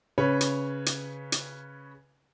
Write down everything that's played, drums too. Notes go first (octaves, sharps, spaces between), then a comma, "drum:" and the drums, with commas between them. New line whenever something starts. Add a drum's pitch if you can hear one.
C#3 B4 C#5
drum: hi-hat
drum: hi-hat
drum: hi-hat